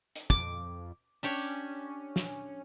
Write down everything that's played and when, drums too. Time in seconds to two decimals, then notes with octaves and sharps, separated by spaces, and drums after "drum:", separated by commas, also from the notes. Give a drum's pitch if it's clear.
0.15 drum: hi-hat
0.30 F2 D6, drum: kick
1.23 C#4 D4 G4 C#5
2.16 drum: snare